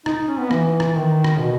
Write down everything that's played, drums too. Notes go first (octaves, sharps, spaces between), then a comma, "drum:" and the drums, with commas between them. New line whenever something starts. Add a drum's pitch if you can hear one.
D#4, drum: rim click
C#4
B3
E3, drum: rim click
drum: rim click
D#3
drum: rim click
B2